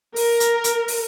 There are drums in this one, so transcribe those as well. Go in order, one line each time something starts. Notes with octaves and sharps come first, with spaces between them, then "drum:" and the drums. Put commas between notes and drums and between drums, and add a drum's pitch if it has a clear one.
A#4, drum: open hi-hat
drum: hi-hat
drum: hi-hat
drum: open hi-hat